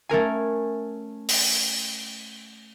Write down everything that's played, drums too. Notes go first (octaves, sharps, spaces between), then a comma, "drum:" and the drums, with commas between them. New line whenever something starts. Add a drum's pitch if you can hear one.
A3 C#4 A#4 G#5
drum: open hi-hat